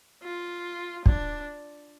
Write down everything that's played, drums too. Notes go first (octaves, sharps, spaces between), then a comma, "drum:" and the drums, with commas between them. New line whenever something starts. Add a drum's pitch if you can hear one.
F4
D4, drum: kick